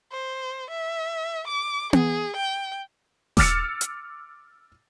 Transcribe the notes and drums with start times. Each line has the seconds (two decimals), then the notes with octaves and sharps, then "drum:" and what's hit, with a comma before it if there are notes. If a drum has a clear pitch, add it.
0.12 C5
0.70 E5
1.47 D6
1.93 G#4, drum: tom B3
2.36 G5
3.37 D6 E6 F6 A6 C#7, drum: snare D#1
3.81 drum: hi-hat